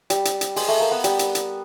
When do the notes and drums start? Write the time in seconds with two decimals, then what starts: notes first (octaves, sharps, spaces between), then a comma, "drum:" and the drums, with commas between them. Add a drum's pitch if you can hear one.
0.10 G3, drum: hi-hat
0.25 drum: hi-hat
0.41 drum: hi-hat
0.56 G#3, drum: open hi-hat
0.68 A3
0.80 A#3
0.91 B3
1.04 G3, drum: hi-hat
1.19 drum: hi-hat
1.35 drum: hi-hat